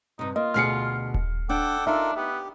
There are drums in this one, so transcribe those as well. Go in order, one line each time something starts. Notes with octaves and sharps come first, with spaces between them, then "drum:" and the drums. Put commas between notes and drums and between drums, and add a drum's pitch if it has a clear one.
G2 C3 D#4
A#3 F4 D#5
D2 B2 G#4 F6 C7 C#7
drum: kick D#1
D4 A4 F#5 G5 D6
D4 D#4 F4 A4 A#4 E5
B3 G4